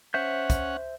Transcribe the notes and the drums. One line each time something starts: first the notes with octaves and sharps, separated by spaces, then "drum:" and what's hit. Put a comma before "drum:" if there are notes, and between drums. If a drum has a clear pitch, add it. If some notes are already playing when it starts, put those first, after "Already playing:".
C#4 C5 E5 F#5 G6
drum: kick, hi-hat